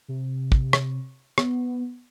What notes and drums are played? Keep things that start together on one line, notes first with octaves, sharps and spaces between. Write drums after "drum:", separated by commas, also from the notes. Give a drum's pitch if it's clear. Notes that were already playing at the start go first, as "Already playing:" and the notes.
C3
drum: kick
drum: rim click
B3, drum: rim click